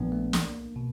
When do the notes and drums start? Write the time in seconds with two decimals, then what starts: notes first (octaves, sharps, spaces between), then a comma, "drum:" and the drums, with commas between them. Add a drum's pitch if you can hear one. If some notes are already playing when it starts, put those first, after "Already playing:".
Already playing: A#1 A#2 F3 A#3 B3 D4
0.12 A3
0.33 C2 A#3, drum: snare
0.76 B2